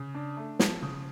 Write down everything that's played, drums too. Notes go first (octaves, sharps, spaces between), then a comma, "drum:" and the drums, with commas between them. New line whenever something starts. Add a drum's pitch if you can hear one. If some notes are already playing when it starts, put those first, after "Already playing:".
Already playing: C#3
D4
A3
F3, drum: snare
C#3